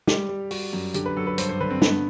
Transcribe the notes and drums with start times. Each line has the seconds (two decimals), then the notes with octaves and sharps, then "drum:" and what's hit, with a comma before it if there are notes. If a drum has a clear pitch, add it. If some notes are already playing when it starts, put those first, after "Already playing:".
0.07 G3 G4, drum: snare
0.29 G3
0.51 G3 F#4, drum: open hi-hat
0.73 F#2
0.94 D3 G4, drum: hi-hat
1.06 B4
1.17 F#3 A4
1.27 B4
1.38 G2 C5, drum: hi-hat
1.49 C5
1.61 D3 B4
1.71 C4
1.82 G2 B3, drum: snare